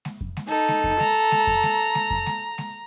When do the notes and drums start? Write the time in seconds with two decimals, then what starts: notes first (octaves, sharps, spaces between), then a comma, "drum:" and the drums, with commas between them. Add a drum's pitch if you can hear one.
0.05 drum: snare G#3
0.21 drum: kick F2
0.37 drum: snare G#3
0.48 D#4 A4
0.68 drum: snare G#3
0.84 drum: kick F2
1.00 A#5, drum: snare G#3
1.31 drum: snare G#3
1.47 drum: kick F2
1.63 drum: snare G#3
1.95 drum: snare G#3
2.10 drum: kick F2
2.26 drum: snare G#3
2.58 drum: snare G#3